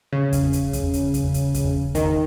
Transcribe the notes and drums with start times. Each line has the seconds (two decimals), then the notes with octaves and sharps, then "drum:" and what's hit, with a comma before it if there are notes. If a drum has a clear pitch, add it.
0.12 C#3
0.33 drum: kick E2, hi-hat
0.53 drum: hi-hat
0.73 drum: kick E2, hi-hat
0.93 drum: hi-hat
1.14 drum: kick E2, hi-hat
1.34 drum: hi-hat
1.54 drum: kick E2, hi-hat
1.95 D#3, drum: kick E2, hi-hat